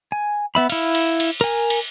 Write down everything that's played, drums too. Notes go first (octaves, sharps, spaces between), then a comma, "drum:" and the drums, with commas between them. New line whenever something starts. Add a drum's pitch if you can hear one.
G#5
B3 E5 B5
E4 F5, drum: cymbal
drum: cymbal
drum: cymbal
A#4 G#5
drum: cymbal